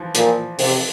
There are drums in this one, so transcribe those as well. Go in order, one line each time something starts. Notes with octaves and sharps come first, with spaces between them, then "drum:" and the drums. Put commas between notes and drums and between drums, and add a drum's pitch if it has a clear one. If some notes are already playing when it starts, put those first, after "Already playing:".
Already playing: E3 F3
A#2 F3, drum: hi-hat
C3, drum: open hi-hat